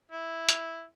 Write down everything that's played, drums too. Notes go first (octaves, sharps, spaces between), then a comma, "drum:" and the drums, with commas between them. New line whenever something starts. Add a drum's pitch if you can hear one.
E4
drum: hi-hat